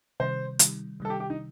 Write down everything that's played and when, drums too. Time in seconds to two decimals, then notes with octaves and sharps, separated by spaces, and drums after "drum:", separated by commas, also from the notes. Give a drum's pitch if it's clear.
0.20 C3 D#3 G3 C5
0.59 C3 D#3 G3, drum: hi-hat
1.00 C3 D#3 G3 A4
1.10 G4
1.20 G4
1.30 D#4